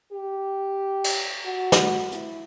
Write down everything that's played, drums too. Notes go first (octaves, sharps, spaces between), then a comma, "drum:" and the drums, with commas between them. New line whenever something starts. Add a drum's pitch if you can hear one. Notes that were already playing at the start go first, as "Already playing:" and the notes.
G4
drum: cymbal
F#4
drum: snare
E4, drum: hi-hat